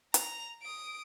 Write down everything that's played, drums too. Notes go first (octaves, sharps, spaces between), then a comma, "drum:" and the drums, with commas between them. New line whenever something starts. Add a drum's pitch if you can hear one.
A#5 F7, drum: hi-hat
D#6 D7